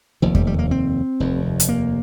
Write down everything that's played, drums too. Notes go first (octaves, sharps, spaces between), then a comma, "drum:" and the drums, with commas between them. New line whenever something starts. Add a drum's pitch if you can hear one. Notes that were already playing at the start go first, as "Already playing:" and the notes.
F1 D#2 F3
G3, drum: kick E2
G3
A#3
C4
F1 D#2
drum: hi-hat
A#3